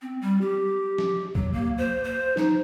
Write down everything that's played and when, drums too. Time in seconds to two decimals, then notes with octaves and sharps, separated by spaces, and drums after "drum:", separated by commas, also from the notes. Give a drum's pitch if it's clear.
0.02 C4
0.22 G3
0.41 G4
0.98 drum: snare
1.35 F#3, drum: kick
1.53 A#3
1.78 C5
2.04 C5
2.37 D#4, drum: snare